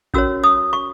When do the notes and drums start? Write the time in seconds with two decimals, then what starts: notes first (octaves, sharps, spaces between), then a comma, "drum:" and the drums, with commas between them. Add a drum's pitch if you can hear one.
0.14 C#4 F#4 A#4 C#5 E6, drum: kick A1
0.44 D#6
0.73 C#6